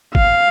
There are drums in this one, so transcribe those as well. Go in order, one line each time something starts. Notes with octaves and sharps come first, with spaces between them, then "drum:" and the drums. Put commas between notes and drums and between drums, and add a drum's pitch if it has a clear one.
F5, drum: kick